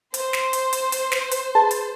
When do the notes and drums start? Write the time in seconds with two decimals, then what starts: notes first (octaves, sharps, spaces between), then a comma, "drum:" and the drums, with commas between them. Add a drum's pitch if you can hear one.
0.14 C5, drum: hi-hat
0.33 drum: snare
0.53 drum: hi-hat
0.73 drum: hi-hat
0.92 drum: hi-hat
1.12 drum: snare
1.31 drum: hi-hat
1.55 G#4 B4 A5
1.71 drum: hi-hat